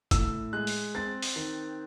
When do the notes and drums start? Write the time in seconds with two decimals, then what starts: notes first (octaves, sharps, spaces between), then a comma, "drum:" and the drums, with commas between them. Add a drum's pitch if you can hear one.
0.11 A2 E6, drum: kick, hi-hat
0.53 G#3 F#6
0.67 drum: open hi-hat
0.95 C4 A6
1.22 drum: open hi-hat
1.36 D#3